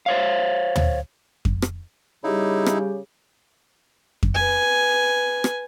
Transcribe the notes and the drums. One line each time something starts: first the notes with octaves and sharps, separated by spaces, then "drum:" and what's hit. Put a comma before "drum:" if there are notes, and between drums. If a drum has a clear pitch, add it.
C5 C#5 F5
drum: tom
drum: kick F2
drum: rim click
C#3 G3 D#4 E4 G4
drum: rim click
drum: kick F2
B4 G#5
drum: rim click